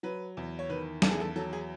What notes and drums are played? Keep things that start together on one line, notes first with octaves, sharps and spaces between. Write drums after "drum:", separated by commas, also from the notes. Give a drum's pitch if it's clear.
F#3 B4
E2
C#5
D#3 B4
E2 A4, drum: snare
G#4
A4
F#3 A4
G#4